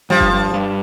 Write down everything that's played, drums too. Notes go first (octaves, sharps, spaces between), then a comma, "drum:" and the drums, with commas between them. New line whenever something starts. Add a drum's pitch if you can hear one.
G2 F3
drum: kick F#1
G2
G2